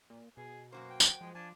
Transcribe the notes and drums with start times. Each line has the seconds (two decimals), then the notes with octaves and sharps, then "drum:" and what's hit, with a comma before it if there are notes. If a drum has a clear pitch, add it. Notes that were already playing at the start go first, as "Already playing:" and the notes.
0.10 A#2
0.37 B2 G#4
0.72 F#2 A#3 F#4 C5
0.90 G5
1.00 drum: tambourine
1.21 F3 G#3
1.35 F3 D4 G#5 A5